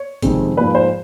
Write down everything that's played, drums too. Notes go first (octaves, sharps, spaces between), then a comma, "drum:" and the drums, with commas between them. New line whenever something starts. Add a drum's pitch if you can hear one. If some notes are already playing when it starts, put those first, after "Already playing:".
Already playing: C#5
F2 C3 D#3 G#3 C4, drum: kick F#1, hi-hat
G#2 F3 A#3 B4
C5